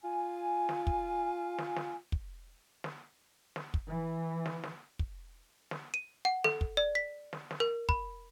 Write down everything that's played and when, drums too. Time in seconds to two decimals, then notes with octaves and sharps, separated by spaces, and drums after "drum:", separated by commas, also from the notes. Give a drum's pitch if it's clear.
0.04 F4 G#5
0.69 drum: snare
0.87 drum: kick
1.58 drum: snare
1.76 drum: snare
2.12 drum: kick
2.84 drum: snare
3.56 drum: snare
3.74 drum: kick
3.89 E3
4.46 drum: snare
4.63 drum: snare
4.99 drum: kick
5.71 drum: snare
5.94 D#7
6.25 F#5
6.44 A4, drum: snare
6.61 drum: kick
6.77 D5
6.95 B6
7.33 drum: snare
7.51 drum: snare
7.60 A#4
7.89 B5, drum: kick